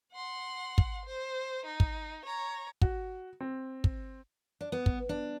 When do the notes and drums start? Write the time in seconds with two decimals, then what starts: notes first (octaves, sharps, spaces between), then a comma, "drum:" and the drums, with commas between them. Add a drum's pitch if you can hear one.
0.13 F#5 C6
0.78 drum: kick
1.06 C5
1.66 D#4
1.80 drum: kick
2.25 C#5 A#5
2.82 F#4, drum: kick
3.41 C4
3.84 drum: kick
4.61 D4
4.72 B3
4.86 drum: kick
5.09 D4